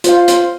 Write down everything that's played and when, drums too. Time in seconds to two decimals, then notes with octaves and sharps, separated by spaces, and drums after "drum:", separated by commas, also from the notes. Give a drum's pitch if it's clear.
0.04 F4 C5 F5, drum: hi-hat
0.28 drum: hi-hat